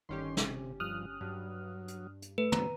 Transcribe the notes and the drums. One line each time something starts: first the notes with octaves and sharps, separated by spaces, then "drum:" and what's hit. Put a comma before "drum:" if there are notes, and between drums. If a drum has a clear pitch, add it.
G1 D#3 C#4 G4 C6
C3, drum: snare
G2 F3 D#6 F6 F#6
G2 F#3
drum: hi-hat
drum: hi-hat
A3 B4
D3 F#3 C4 A#5, drum: tom